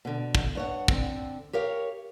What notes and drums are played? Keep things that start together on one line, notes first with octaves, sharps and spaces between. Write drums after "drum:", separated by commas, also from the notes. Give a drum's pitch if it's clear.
B2 D3
drum: kick
G2 C#5 F#5
D3 C4, drum: kick
G4 A#4 C#5 F5